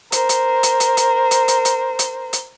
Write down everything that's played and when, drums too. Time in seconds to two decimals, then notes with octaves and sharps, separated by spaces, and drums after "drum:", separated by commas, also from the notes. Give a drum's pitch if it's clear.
0.12 A#4 C5, drum: hi-hat
0.29 drum: hi-hat
0.63 drum: hi-hat
0.80 drum: hi-hat
0.97 drum: hi-hat
1.31 drum: hi-hat
1.48 drum: hi-hat
1.65 drum: hi-hat
1.99 drum: hi-hat
2.33 drum: hi-hat